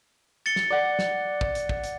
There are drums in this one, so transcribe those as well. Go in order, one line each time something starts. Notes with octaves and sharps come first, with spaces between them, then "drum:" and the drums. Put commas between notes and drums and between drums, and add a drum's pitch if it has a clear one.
A6 C#7 G7
drum: snare
D5 F#5
drum: snare
drum: kick
drum: hi-hat
drum: kick
drum: hi-hat